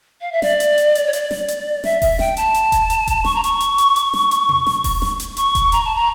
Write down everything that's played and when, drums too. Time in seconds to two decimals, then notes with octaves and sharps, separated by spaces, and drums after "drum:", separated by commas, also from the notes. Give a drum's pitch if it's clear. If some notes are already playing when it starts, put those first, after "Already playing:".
0.21 F5
0.32 E5
0.42 D5, drum: snare
0.60 drum: hi-hat
0.78 drum: hi-hat
0.95 drum: hi-hat
1.07 C#5
1.13 D5, drum: hi-hat
1.31 drum: snare
1.48 drum: hi-hat
1.84 E5, drum: snare
2.02 E5, drum: kick E1, open hi-hat
2.19 G5, drum: snare
2.37 A5, drum: hi-hat
2.54 drum: hi-hat
2.72 drum: kick E1, hi-hat
2.90 drum: hi-hat
3.07 drum: kick E1, hi-hat
3.25 C#6, drum: snare
3.34 A#5
3.44 C#6, drum: hi-hat
3.60 drum: hi-hat
3.78 drum: hi-hat
3.96 drum: hi-hat
4.13 drum: snare
4.31 drum: hi-hat
4.49 drum: tom B2
4.67 drum: snare
4.84 drum: kick E1, open hi-hat
5.02 drum: snare
5.20 drum: hi-hat
5.37 C#6, drum: hi-hat
5.55 drum: kick E1, hi-hat
5.72 A#5, drum: hi-hat
5.85 A5
5.95 A#5